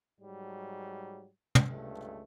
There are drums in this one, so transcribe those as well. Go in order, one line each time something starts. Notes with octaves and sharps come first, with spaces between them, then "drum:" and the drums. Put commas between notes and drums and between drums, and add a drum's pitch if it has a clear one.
G#2 F#3 G3
drum: tom
C#2 G2 A3